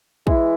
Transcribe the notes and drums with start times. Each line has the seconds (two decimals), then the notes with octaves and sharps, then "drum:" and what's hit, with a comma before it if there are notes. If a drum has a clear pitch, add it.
0.27 E3 G#3 E4, drum: kick